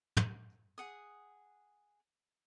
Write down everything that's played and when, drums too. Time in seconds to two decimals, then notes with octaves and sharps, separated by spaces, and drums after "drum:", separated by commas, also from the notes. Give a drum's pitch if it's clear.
0.17 drum: tom
0.78 G#4 F#5 D#6